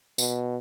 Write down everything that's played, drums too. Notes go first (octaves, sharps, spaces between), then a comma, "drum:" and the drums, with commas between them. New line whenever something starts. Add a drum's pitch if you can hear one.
B2, drum: tambourine